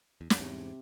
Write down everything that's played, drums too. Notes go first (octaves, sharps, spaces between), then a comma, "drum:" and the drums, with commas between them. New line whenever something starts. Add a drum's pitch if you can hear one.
E2
F2, drum: snare
E2 G#2 C3